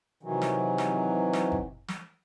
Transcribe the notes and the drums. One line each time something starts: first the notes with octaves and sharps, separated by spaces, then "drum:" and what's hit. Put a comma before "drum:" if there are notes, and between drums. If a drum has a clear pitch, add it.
C3 D#3 E3 F#3
drum: snare
drum: snare
drum: snare
drum: kick F#1
drum: snare